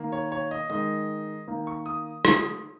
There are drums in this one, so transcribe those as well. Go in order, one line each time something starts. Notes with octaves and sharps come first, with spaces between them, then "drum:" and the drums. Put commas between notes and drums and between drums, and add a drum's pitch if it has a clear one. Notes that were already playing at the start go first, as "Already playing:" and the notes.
Already playing: D#3 A#3
C#5
C#5
D#5
D#3 G#3 D#5
D#3 A#3
C#6
D#6
drum: rim click